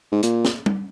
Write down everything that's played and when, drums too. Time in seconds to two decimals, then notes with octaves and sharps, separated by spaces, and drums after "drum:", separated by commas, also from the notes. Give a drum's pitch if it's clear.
0.12 G#2
0.23 A#2, drum: hi-hat
0.45 drum: snare
0.66 drum: tom